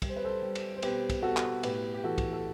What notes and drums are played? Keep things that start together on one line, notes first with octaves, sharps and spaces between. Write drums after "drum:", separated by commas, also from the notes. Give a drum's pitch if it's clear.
G3, drum: kick, cymbal
C5
B4
A4 C5
G3
drum: cymbal
C5
B2 G4 B4, drum: cymbal
drum: kick, cymbal
B2 F#4 A4
drum: clap
A2 G4 B4, drum: cymbal
G4
E3 F#4 A4
drum: kick, cymbal
A4